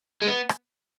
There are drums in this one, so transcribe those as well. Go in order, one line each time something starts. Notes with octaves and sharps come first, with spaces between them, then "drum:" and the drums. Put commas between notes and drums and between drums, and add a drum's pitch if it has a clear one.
G#3
B3
drum: rim click